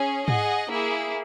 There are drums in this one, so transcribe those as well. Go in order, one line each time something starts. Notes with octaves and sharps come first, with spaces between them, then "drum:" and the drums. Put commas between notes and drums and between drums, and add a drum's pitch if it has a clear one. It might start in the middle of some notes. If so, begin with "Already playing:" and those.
Already playing: C#4 G#4
G#4 D#5 F#5, drum: tom G#2
A#3 E4 G#4